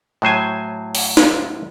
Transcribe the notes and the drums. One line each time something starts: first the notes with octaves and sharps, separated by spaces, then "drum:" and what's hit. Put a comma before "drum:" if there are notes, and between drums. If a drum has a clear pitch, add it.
A2 F#3 C5 G#5
drum: open hi-hat
drum: snare